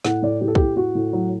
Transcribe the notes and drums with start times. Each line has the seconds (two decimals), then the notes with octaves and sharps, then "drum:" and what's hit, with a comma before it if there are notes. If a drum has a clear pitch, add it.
0.04 A2 F#5, drum: snare
0.23 A2 D5
0.41 A2 G4
0.48 A4
0.55 A2 G4, drum: kick
0.76 A2 F#4
0.95 A2
1.13 F#3